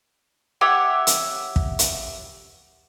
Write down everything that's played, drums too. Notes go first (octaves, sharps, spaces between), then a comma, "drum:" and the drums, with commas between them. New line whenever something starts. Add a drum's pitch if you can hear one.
G4 C#5 E5 F#5
drum: hi-hat
drum: kick
drum: hi-hat